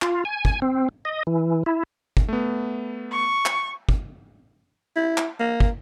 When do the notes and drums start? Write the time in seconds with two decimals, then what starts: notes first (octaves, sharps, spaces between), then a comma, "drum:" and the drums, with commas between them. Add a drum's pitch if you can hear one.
0.02 F4, drum: clap
0.25 G#5
0.45 drum: kick
0.62 C4
1.05 D#5
1.27 E3
1.66 E4
2.17 drum: kick
2.28 A3 B3
3.12 C#6
3.46 drum: clap
3.89 drum: kick
4.96 E4
5.17 drum: clap
5.40 A#3
5.60 drum: kick